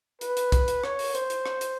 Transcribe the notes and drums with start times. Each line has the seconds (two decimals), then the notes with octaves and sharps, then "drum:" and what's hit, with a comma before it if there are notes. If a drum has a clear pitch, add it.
0.21 B4, drum: hi-hat
0.37 drum: hi-hat
0.52 drum: kick, hi-hat
0.68 drum: hi-hat
0.84 C#5, drum: rim click
0.99 drum: open hi-hat
1.15 C5, drum: hi-hat
1.30 drum: hi-hat
1.46 drum: rim click
1.61 drum: hi-hat